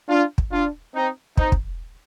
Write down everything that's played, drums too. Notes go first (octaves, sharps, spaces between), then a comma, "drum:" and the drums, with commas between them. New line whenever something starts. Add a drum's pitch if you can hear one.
D4 F4
drum: kick
D4 F4
C4 D#4
C4 D#4, drum: kick
drum: kick